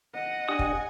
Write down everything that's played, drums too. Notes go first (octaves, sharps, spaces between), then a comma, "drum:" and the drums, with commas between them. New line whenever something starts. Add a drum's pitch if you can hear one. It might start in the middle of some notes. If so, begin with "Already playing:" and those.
D#5 F#5
D4 G4 G#5 D#6
drum: kick